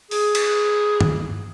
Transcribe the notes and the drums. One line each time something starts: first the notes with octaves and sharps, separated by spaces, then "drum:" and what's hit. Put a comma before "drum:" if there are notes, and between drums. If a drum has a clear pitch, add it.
G#4, drum: open hi-hat
drum: cymbal
drum: tom